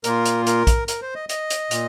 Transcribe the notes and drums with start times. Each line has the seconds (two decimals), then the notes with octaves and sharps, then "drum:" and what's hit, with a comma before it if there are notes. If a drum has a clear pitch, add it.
0.04 A#2 A#3 F4 A#4, drum: hi-hat
0.25 drum: hi-hat
0.47 A#4, drum: hi-hat
0.67 drum: kick A#1, hi-hat
0.88 A#4, drum: hi-hat
1.02 C5
1.15 D#5
1.29 D#5, drum: hi-hat
1.50 drum: hi-hat
1.71 A#2, drum: hi-hat